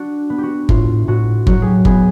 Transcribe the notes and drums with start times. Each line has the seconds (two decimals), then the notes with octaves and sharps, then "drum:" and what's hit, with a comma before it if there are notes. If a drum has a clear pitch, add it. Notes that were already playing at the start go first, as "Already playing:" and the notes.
Already playing: D4 F#4
0.30 B3
0.38 F#4 G4
0.69 A2 F4, drum: kick G1
1.08 A2 F#4
1.47 F#3 F#4, drum: kick G1
1.62 G4 G#4
1.85 B3 G#4, drum: kick G1